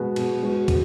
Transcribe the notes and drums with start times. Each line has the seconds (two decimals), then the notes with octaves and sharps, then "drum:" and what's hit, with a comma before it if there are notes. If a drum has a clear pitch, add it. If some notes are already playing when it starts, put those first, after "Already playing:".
Already playing: B2 G#3 B3 F#4
0.16 B2, drum: cymbal
0.43 G#3 B3 F#4
0.68 F#3, drum: kick, cymbal